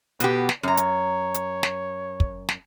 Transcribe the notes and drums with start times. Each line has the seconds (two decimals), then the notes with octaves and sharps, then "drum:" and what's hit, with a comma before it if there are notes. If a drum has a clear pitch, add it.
0.20 B2 B3 G4, drum: hi-hat
0.49 drum: snare
0.63 F#2 C#5 A#5
0.77 drum: hi-hat
1.34 drum: hi-hat
1.63 drum: snare
2.20 drum: kick
2.49 drum: snare